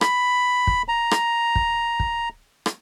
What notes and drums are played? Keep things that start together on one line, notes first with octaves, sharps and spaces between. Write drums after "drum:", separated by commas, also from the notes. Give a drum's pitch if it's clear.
B5, drum: rim click
drum: kick
A#5
drum: rim click
drum: kick
drum: kick
drum: rim click